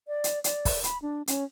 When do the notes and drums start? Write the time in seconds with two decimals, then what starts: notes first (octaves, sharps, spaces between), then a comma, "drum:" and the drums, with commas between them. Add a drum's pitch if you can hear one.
0.08 D5
0.24 drum: hi-hat
0.44 D5, drum: hi-hat
0.65 drum: kick, open hi-hat
0.84 B5, drum: hi-hat
1.02 D4
1.27 C#4, drum: hi-hat